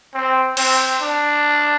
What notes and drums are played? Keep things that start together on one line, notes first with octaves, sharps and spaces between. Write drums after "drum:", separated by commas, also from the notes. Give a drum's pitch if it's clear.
C4
C4, drum: cymbal
D4